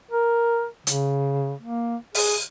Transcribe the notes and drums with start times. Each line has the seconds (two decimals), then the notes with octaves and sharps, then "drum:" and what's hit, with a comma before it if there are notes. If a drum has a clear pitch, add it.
0.11 A#4
0.87 C#3, drum: hi-hat
1.61 A#3
2.15 G#4, drum: open hi-hat